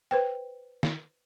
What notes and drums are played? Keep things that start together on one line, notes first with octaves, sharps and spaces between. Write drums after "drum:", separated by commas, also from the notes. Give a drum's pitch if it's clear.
B4 C5 G5
drum: snare